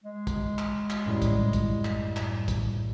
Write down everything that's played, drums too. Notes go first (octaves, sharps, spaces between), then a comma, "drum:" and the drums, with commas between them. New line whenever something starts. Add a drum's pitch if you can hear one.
G#3
drum: kick, hi-hat
drum: clap
drum: clap
F#2 A2 G3
drum: kick, hi-hat
drum: kick, hi-hat
drum: clap
drum: clap
drum: kick, hi-hat